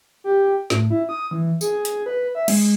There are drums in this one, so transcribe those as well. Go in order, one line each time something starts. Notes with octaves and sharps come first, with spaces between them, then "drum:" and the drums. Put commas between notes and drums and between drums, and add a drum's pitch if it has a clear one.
G4
A2, drum: snare
E4
D#6
E3
G#4, drum: tambourine
drum: hi-hat
B4
E5
G#3, drum: cymbal